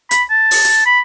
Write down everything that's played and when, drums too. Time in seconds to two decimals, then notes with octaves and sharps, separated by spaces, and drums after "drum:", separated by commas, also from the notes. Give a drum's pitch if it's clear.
0.11 B5, drum: hi-hat
0.30 A5
0.51 drum: open hi-hat
0.64 drum: hi-hat
0.86 B5